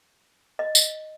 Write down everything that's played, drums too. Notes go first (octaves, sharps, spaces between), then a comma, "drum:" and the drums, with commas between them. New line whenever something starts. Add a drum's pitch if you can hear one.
D#5
drum: tambourine